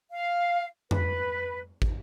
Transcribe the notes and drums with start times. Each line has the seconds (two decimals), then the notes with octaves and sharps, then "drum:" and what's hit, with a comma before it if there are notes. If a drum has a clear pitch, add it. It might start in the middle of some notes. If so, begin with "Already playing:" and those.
0.10 F5
0.91 B4, drum: tom F2
1.82 drum: kick